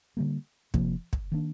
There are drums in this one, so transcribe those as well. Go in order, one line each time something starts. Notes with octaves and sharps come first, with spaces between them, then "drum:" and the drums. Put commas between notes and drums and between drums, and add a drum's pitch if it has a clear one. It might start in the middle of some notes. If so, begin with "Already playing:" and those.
D3 G3 A#3
C3 F3 A#3, drum: kick
drum: kick
D#3 A#3 D4